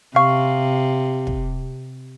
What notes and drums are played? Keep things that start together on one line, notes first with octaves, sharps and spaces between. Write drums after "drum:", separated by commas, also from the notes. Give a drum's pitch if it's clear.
C3 F5 C#6
drum: kick